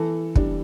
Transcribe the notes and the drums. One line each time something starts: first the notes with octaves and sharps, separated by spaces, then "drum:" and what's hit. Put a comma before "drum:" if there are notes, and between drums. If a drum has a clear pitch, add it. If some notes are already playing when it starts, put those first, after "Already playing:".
Already playing: E3 A4
G3 D4, drum: kick